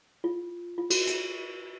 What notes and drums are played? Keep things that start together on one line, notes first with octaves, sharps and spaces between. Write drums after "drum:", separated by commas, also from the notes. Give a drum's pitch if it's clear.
F4
F4
F#4, drum: cymbal
drum: hi-hat